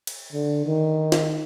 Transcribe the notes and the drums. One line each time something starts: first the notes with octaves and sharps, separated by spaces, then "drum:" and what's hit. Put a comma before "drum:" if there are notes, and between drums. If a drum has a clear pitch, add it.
drum: cymbal
D3
D#3
drum: snare